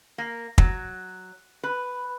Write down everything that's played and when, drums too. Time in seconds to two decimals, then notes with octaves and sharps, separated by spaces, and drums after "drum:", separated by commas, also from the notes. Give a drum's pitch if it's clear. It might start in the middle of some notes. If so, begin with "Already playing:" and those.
0.18 A#3
0.58 F#3, drum: kick
1.63 B4